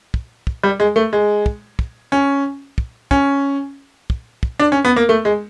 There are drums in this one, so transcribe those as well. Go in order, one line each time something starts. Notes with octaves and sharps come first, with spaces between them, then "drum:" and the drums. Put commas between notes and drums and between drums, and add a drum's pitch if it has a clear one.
drum: kick
drum: kick
G3
G#3
A3
G#3
drum: kick
drum: kick
C#4
drum: kick
C#4, drum: kick
drum: kick
drum: kick
D4
C#4
B3
A#3
A3
G#3